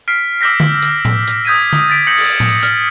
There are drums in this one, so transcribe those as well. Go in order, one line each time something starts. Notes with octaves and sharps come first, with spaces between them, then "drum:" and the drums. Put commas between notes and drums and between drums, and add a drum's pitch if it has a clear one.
F6 B6 C7 D7
D6 E6 F6 G6 A#6 B6
drum: tom D3
drum: hi-hat
drum: tom A2
drum: hi-hat
D#6 G6 G#6 B6 D#7
drum: tom D3
A6 B6 D7
G6 A#6 C#7 F#7
drum: open hi-hat
drum: tom A2
F6, drum: hi-hat